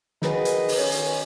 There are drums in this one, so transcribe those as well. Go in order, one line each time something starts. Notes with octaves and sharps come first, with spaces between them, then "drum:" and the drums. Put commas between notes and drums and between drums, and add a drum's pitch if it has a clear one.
D#3 F#3 D#4 G#4 B4, drum: snare
drum: hi-hat
drum: open hi-hat
B1 D#3 C#4
drum: hi-hat